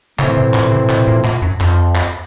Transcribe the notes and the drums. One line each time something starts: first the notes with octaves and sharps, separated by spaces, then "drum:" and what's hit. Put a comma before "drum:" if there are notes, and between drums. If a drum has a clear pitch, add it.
A2 C#3 E3 A3 C4 E4, drum: clap
C3
A#2, drum: clap
C3
B2, drum: clap
A#2
A#2, drum: clap
F#2
F2, drum: clap
drum: clap